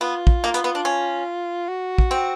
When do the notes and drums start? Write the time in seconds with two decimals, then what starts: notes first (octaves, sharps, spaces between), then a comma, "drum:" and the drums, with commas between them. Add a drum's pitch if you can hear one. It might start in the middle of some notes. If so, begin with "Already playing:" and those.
0.01 B3 F4
0.27 drum: kick
0.44 A#3
0.54 B3, drum: hi-hat
0.64 B3
0.75 D4
0.85 C#4
1.69 F#4
1.98 drum: kick
2.11 C4